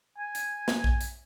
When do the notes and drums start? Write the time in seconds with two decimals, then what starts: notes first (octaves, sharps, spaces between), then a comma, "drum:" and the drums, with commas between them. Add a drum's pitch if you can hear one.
0.18 G#5
0.35 drum: hi-hat
0.68 drum: snare
0.84 drum: kick A#1
1.01 drum: hi-hat